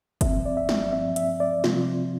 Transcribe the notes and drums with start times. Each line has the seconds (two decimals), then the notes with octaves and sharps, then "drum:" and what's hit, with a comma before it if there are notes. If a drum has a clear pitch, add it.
0.21 G2 F3 C4 E5, drum: kick, hi-hat
0.45 D5
0.57 E5
0.69 drum: snare
0.93 G2 F3 C4 E5
1.16 E5, drum: hi-hat
1.40 D5
1.64 C3 F3 C4 F4, drum: snare